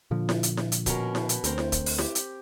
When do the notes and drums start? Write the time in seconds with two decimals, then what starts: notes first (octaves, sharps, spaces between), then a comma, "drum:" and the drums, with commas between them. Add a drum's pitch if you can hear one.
0.11 A#2 D3 F3
0.29 drum: snare E4
0.43 drum: hi-hat
0.57 drum: snare E4
0.72 drum: hi-hat
0.86 B2 C#4 A#4, drum: kick, hi-hat
1.15 drum: snare E4
1.29 drum: hi-hat
1.44 D2 C4 A#4, drum: hi-hat
1.58 drum: snare E4
1.72 drum: kick, hi-hat
1.86 drum: open hi-hat
1.98 G4, drum: snare E4
2.15 drum: hi-hat